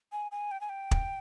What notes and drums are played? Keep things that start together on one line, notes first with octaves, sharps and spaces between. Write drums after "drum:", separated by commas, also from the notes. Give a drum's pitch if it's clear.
G#5
G#5
G5
G#5
G5
drum: kick